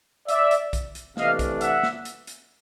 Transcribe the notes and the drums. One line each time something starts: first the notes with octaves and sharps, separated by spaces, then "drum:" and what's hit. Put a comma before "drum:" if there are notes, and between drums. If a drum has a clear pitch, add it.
D5 E5, drum: hi-hat
drum: hi-hat
drum: kick B1, hi-hat
drum: hi-hat
C3 E3 A3 D4 D#5 F5, drum: snare
drum: kick B1, hi-hat
E5 F#5, drum: hi-hat
drum: snare
drum: hi-hat
drum: hi-hat